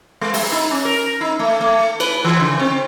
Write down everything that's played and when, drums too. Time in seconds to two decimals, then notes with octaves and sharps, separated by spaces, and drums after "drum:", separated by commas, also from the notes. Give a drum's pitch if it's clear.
0.21 G#3
0.34 G3, drum: open hi-hat
0.52 D#4
0.71 C#4
0.85 A#4
1.21 D#4
1.39 A3
1.61 A3
2.00 B4, drum: cymbal
2.25 E3
2.40 C#3
2.59 C4